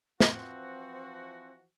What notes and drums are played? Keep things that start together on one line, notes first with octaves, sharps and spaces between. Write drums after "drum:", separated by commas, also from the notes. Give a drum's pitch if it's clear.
E3 F3 C4 F#4, drum: snare